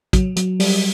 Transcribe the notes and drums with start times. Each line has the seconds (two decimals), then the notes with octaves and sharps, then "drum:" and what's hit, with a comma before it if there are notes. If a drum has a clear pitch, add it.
0.13 F#3, drum: kick, hi-hat
0.36 F#3, drum: hi-hat
0.60 G3, drum: open hi-hat